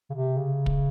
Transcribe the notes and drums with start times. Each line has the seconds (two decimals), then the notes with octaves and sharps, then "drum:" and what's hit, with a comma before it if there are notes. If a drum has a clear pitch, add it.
0.10 C#3
0.13 C3
0.37 C#3
0.66 drum: kick